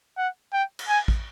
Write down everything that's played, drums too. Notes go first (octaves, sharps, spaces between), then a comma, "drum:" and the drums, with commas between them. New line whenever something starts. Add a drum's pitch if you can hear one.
F#5
G5
drum: cymbal
G#5
drum: kick A1